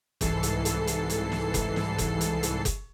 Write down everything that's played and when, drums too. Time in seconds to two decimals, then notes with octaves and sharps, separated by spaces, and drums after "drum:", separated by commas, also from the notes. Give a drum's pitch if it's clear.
0.21 C2 G#2 E3 A4 C7, drum: kick F#1, hi-hat
0.43 drum: hi-hat
0.65 drum: hi-hat
0.87 drum: hi-hat
1.10 drum: hi-hat
1.32 drum: snare
1.54 drum: kick F#1, hi-hat
1.76 drum: snare
1.98 drum: kick F#1, hi-hat
2.21 drum: hi-hat
2.43 drum: hi-hat
2.65 drum: kick F#1, hi-hat